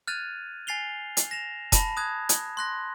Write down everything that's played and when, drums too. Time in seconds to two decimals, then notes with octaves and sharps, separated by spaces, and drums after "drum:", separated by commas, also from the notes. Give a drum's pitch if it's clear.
0.07 F6 F#6 G#6 A6 D#7 F7
0.67 G#5 A6 C7 F7 G7
1.17 drum: hi-hat
1.31 A#6 E7 F7
1.72 A5 B5 A#6, drum: kick F1, hi-hat
1.96 A5 D#6 F#6 G#6
2.29 drum: hi-hat
2.57 C6 F#6 A#6